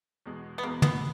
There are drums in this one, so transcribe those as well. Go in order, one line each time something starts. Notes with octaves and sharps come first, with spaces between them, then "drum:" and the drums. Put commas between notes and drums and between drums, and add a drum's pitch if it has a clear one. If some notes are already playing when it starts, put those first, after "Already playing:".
E2 B2 G#3
B3
E2 B2 G#3 A#3
B3, drum: tom